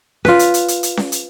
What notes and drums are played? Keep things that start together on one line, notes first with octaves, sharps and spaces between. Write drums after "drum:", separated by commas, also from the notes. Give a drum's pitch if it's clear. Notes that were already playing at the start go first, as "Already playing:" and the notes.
F4 B4, drum: snare C#4
drum: hi-hat
drum: hi-hat
drum: hi-hat
drum: hi-hat
drum: snare C#4
drum: hi-hat